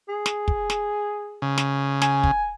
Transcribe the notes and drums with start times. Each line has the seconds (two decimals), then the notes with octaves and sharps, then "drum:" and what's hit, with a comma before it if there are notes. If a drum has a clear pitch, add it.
0.09 G#4
0.26 drum: snare
0.48 drum: kick
0.70 drum: snare
1.42 C#3
1.58 drum: snare
2.02 G#5, drum: snare
2.24 drum: kick